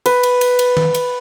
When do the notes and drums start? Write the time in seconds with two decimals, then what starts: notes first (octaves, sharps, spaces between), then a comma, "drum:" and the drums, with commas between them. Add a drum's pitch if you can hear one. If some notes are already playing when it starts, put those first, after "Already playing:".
0.06 B4, drum: cymbal
0.23 drum: cymbal
0.41 drum: cymbal
0.59 drum: cymbal
0.77 drum: tom
0.94 drum: cymbal